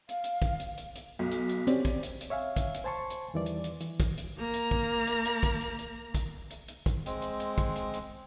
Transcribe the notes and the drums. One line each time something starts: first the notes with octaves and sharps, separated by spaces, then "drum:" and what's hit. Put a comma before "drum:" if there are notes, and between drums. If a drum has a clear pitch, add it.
F5, drum: hi-hat
drum: hi-hat
drum: kick, hi-hat
drum: hi-hat
drum: hi-hat
drum: hi-hat
B1
drum: hi-hat
drum: hi-hat
C4 C#4 G4 D5, drum: hi-hat
drum: kick, hi-hat
drum: hi-hat
drum: hi-hat
C#5 E5 F5 G#5
drum: kick, hi-hat
drum: hi-hat
C5 G#5 A5 C6 C#6
drum: hi-hat
E2 D#3 E3 G3 D5
drum: hi-hat
drum: hi-hat
E3, drum: hi-hat
drum: kick, hi-hat
drum: hi-hat
A#3 A#5
drum: hi-hat
drum: kick
drum: hi-hat
drum: hi-hat
drum: kick, hi-hat
drum: hi-hat
drum: hi-hat
drum: kick, hi-hat
drum: hi-hat
drum: hi-hat
drum: kick, hi-hat
G#3 C4, drum: hi-hat
drum: hi-hat
drum: hi-hat
drum: kick, hi-hat
drum: hi-hat
drum: hi-hat